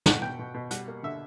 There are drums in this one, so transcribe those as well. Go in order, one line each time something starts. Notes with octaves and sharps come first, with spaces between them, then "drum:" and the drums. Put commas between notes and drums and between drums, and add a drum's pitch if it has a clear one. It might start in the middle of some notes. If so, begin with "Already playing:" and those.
B2 F#5, drum: snare
B2 G5
B2
B2
G3 F#5, drum: hi-hat
A#3
D3 E5